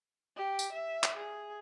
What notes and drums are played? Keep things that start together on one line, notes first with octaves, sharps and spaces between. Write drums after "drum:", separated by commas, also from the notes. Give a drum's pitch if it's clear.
G4
drum: tambourine
E5
drum: clap
G#4